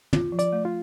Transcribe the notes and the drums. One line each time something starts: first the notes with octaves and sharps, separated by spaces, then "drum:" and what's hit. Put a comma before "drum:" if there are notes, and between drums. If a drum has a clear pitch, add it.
F4, drum: tom
F3
D5, drum: hi-hat
A3
F4